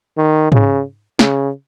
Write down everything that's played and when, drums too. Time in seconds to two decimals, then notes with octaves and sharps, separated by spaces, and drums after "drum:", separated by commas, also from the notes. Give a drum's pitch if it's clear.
0.18 D#3
0.52 C#3, drum: tom G#2
1.19 C#3, drum: snare